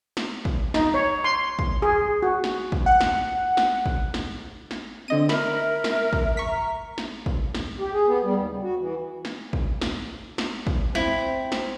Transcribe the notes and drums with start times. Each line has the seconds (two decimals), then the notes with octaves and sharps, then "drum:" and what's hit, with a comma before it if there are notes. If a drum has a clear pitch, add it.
0.17 drum: snare
0.45 drum: kick
0.74 D#4, drum: snare
0.94 C#5
1.24 C6
1.59 drum: kick
1.82 G#4
2.23 F#4
2.44 drum: snare
2.72 drum: kick
2.86 F#5
3.01 drum: snare
3.57 drum: snare
3.86 drum: kick
4.14 drum: snare
4.71 drum: snare
5.08 D3 C4 D#5 D#7
5.29 A#4 E5 B5, drum: snare
5.84 drum: snare
6.13 drum: kick
6.37 A#5 C#6 B6
6.98 drum: snare
7.26 drum: kick
7.55 drum: snare
7.80 G4
7.93 G#4
8.07 B3
8.24 G3
8.35 D#2
8.51 C#3
8.63 F#4
8.80 E3
9.25 drum: snare
9.53 drum: kick
9.82 drum: snare
10.38 drum: snare
10.67 drum: kick
10.95 C4 E4, drum: snare
11.52 drum: snare